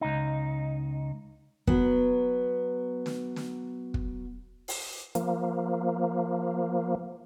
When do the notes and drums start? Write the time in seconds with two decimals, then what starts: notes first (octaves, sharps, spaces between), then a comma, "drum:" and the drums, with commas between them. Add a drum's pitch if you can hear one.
0.01 C#2 D#4
1.67 F#3 B3, drum: kick
3.06 drum: snare
3.36 drum: snare
3.94 drum: kick
4.68 drum: open hi-hat
5.15 F3 A#3, drum: hi-hat